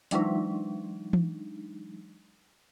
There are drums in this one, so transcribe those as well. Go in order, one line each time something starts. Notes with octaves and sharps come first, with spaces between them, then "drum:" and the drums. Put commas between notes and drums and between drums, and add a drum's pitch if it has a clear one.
E3 F#3 G#3 D4 D#4, drum: hi-hat
drum: tom E3